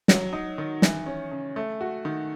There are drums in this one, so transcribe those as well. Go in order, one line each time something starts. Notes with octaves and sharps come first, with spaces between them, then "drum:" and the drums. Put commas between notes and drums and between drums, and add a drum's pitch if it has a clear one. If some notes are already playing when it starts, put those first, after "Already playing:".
F#3, drum: snare
D#4
D#3
E3, drum: snare
C#4
C#3
A3
F#4
D#3